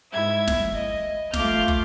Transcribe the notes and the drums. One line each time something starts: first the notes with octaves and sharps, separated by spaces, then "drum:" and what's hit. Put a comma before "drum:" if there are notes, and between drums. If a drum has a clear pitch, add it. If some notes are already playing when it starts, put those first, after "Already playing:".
G#2 E4 E5 G#6
drum: snare
D#5
A3 F4 F5 D6 F6 G6, drum: snare
drum: kick